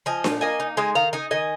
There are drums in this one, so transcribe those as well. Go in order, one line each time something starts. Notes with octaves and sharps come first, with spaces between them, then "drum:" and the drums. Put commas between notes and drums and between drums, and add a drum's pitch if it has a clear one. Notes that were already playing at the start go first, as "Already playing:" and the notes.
F3 D#5 G#5
A#2, drum: snare D4
A#3 D#5 G#5
D#4
G#3 D#5 G#5
D#3 F5 A#5
D#4 D#5 G#5
D#3 D#5 G#5